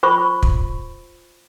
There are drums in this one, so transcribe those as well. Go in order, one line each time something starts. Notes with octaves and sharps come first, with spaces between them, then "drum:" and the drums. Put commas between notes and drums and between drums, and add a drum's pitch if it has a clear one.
F4 C5 B5 C#6
drum: kick